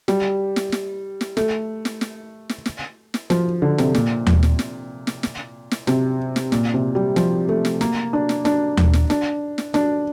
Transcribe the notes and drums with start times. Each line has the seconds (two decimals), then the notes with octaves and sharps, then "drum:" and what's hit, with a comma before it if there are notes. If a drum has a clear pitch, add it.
0.08 G3, drum: snare
0.56 drum: snare
0.72 drum: snare
1.21 drum: snare
1.37 A3, drum: snare
1.85 drum: snare
2.01 drum: snare
2.49 drum: snare
2.66 drum: snare
3.14 drum: snare
3.30 F3, drum: snare
3.62 D3
3.78 C3, drum: snare
3.95 A#2, drum: snare
4.27 drum: tom D#2
4.43 drum: snare
4.59 drum: snare
5.07 drum: snare
5.23 drum: snare
5.71 drum: snare
5.87 C3, drum: snare
6.36 drum: snare
6.52 A#2, drum: snare
6.74 C3
6.95 G3
7.16 F3, drum: snare
7.49 A3
7.65 drum: snare
7.81 A#3, drum: snare
8.13 D4
8.29 drum: snare
8.45 D4, drum: snare
8.77 drum: tom D#2
8.93 drum: snare
9.10 D4, drum: snare
9.58 drum: snare
9.74 D4, drum: snare